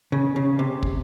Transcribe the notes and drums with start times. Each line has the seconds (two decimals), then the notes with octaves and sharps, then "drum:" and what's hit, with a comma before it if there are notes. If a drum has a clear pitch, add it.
0.12 C#3
0.36 C#3
0.59 C3
0.83 drum: kick